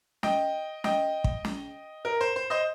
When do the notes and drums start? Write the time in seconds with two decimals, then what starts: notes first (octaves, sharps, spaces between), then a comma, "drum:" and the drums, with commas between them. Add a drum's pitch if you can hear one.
0.23 D#5 G5, drum: snare
0.84 D#5 G5, drum: snare
1.24 drum: kick
1.45 drum: snare
2.05 A#4
2.21 C5
2.36 C5
2.50 C5 D#5